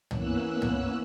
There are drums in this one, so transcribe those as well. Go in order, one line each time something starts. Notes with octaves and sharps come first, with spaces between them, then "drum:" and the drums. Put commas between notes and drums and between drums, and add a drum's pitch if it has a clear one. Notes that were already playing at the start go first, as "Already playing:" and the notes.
E3 A#3 B3 C#4 E6 F#6, drum: tom
drum: tom